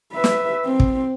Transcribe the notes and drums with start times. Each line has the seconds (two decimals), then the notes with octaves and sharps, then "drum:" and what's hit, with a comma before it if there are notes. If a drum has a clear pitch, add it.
0.13 B4 E5
0.24 drum: snare
0.66 C4
0.80 drum: kick